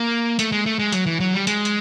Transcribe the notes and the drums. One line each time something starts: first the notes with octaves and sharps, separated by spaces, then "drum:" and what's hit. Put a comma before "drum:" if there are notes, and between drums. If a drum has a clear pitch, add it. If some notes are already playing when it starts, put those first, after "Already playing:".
Already playing: A#3
A3, drum: hi-hat
G#3
A3
G#3
F#3, drum: hi-hat
E3
F#3
G3
G#3, drum: hi-hat
drum: hi-hat